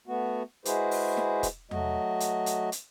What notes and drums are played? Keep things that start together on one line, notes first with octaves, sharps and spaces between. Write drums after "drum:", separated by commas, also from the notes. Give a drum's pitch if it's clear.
A3 B3 F#4
G#3 E4 F#4 G#4 B4 C5, drum: hi-hat
drum: open hi-hat
drum: snare
drum: kick, hi-hat
F#3 A3 F#4 D#5, drum: tom E2
drum: hi-hat
drum: hi-hat
drum: hi-hat